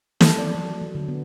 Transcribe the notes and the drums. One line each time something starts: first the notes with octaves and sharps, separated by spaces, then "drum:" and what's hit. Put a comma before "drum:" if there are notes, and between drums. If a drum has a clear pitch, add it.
A4, drum: snare
D5
F#3
F#3
D3
B3